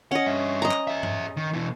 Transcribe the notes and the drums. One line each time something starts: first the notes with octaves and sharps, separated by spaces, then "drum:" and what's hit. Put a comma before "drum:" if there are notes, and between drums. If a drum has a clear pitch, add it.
C#4 D#5 F#5
G2 E5
D#5 A#5
drum: clap
G#4 E5
drum: tom G2
D#3
B2 E3